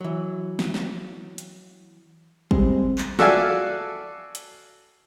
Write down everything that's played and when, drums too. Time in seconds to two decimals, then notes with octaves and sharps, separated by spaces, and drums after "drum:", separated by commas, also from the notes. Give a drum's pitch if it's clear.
0.01 E3 F#3
0.59 drum: snare
0.74 drum: snare
1.38 drum: hi-hat
2.51 G3 G#3 C4, drum: kick
2.98 drum: clap
3.19 F#4 A4 D5 E5 F5 G#5, drum: snare
4.35 drum: hi-hat